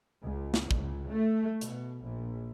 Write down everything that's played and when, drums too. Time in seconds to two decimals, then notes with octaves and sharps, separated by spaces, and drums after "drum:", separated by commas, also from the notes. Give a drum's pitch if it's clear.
0.22 C#2
0.54 drum: snare
0.71 C#2, drum: kick
1.09 A3
1.61 B2, drum: hi-hat
2.04 A#1